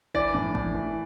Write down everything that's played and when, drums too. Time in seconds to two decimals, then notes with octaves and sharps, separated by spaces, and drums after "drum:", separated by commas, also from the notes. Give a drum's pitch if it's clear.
0.14 E3 D5, drum: kick
0.35 A2
0.55 A2, drum: kick
0.74 E3